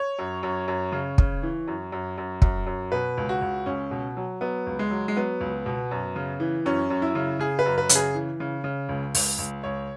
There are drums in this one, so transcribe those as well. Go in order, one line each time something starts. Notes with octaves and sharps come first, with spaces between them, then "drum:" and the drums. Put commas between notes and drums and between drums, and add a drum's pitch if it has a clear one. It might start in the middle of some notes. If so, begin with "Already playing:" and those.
Already playing: C#5
F#2
F#2
F#2
C#3
C#3, drum: kick
E3
F#2
F#2
F#2
F#2, drum: kick
F#2
B2 B4
C#2
F#4
C#2
C#2 C#4
B2
F#3
F#3 B3
C#2
G#3
F#3
G#3
F#3 B3
C#2
B2
F#2
C#3
E3
F#2 C#4
F#2
E4
C#3
C#3 G#4
B4
F#2
B4
C#3, drum: hi-hat
G#4
E3
C#3
C#3
C#2
C#2, drum: open hi-hat
C#2
C#2 C#5